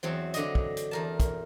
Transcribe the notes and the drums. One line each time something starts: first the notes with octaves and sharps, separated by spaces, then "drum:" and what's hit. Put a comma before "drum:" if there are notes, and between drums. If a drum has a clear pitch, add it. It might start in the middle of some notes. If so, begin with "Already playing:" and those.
E2 F#3 C4
D3 D#5, drum: hi-hat
drum: kick
drum: hi-hat
E2 A#4 A5
drum: kick, hi-hat